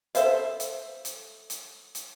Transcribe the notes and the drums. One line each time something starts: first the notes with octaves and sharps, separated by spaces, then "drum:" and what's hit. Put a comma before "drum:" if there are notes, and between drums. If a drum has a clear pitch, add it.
A4 B4 C5 E5 F5, drum: hi-hat
drum: hi-hat
drum: hi-hat
drum: hi-hat
drum: hi-hat